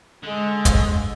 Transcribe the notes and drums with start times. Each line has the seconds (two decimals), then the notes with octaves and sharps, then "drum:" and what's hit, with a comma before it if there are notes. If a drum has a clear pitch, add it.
0.23 D3 G#3
0.65 drum: kick, hi-hat